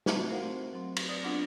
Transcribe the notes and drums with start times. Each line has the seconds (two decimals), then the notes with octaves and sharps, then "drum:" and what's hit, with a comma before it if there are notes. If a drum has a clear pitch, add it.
0.06 A3 C4 D#4 F#4 E5, drum: snare
0.29 A#4 C5 F5 F#5
0.42 C4
0.73 F#3 C4
0.96 drum: cymbal
1.09 D5 D#6
1.23 B3 C4 D4 F4 F#5